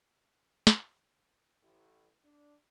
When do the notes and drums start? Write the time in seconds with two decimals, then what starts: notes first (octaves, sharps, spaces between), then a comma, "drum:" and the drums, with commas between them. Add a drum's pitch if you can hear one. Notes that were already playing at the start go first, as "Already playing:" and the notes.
0.67 drum: snare
1.62 A1
2.23 D4